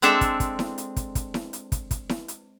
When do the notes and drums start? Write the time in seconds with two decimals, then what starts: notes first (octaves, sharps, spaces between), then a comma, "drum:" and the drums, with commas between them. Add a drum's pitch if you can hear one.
0.02 G#3 C4 D4 A4 E5, drum: hi-hat
0.21 drum: kick, hi-hat
0.40 drum: kick, hi-hat
0.59 drum: snare E4
0.78 drum: hi-hat
0.96 drum: kick, hi-hat
1.15 drum: kick, hi-hat
1.34 drum: snare E4
1.53 drum: hi-hat
1.72 drum: kick, hi-hat
1.91 drum: kick, hi-hat
2.09 drum: snare E4
2.28 drum: hi-hat